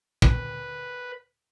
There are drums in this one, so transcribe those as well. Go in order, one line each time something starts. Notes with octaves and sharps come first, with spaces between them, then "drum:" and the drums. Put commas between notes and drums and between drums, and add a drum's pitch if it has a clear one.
B4, drum: kick